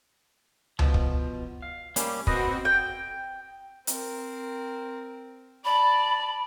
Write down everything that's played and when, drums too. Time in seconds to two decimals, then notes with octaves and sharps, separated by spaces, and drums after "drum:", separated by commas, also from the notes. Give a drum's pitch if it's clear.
0.79 B2 F3, drum: tom C#2
0.94 drum: kick
1.62 F5
1.96 G3 A#3 C#4, drum: hi-hat
2.27 C4 F#4 B4 D#5, drum: kick
2.65 G5
3.87 C4 A#4, drum: hi-hat
5.65 D5 A5 B5